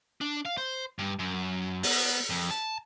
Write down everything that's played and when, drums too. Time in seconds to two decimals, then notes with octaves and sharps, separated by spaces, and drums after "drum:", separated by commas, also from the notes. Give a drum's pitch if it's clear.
0.21 D4
0.45 F5
0.57 C5
0.99 G2
1.19 F#2
1.83 B3, drum: open hi-hat
2.30 F2
2.50 A5